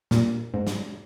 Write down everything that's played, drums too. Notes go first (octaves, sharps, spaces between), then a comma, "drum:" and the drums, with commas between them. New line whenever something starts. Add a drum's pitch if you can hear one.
A#2, drum: snare
G#2
drum: snare